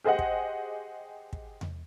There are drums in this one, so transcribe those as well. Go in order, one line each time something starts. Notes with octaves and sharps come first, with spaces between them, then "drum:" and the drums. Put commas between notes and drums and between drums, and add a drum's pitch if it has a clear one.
G4 G#4 C5 D#5 F#5
drum: kick
drum: kick
drum: tom E2